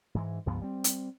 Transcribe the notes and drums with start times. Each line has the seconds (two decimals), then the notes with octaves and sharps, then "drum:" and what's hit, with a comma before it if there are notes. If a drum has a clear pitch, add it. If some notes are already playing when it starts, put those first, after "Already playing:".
0.15 G#2 E3 G#3
0.46 C#2 G2 F3 B3
0.62 G3 C4
0.84 drum: hi-hat